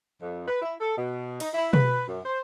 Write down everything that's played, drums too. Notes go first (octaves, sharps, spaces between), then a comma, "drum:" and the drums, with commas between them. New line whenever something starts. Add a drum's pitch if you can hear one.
F2
B4
E4
A4
B2
D#4, drum: cymbal
E4
B4, drum: tom B2
F#2
C5